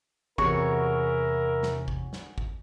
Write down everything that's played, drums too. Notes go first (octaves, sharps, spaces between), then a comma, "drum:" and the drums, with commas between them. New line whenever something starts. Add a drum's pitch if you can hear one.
E2 C3 E4 F#4 G#4 A#4 C#5 C#6, drum: kick
drum: snare
drum: kick
drum: snare
drum: kick